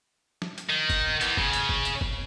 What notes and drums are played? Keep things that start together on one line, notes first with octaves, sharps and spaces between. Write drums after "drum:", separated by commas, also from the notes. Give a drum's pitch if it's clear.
drum: snare
drum: hi-hat
D#3
drum: kick, hi-hat
E3 B3, drum: hi-hat
C#3, drum: kick
drum: hi-hat
drum: kick
drum: hi-hat
drum: kick